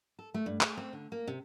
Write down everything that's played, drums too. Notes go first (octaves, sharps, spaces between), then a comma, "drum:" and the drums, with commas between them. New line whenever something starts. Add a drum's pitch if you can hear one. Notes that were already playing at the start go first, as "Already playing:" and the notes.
A4
A3
G2
G#4, drum: clap
C4
D3
A#3
C3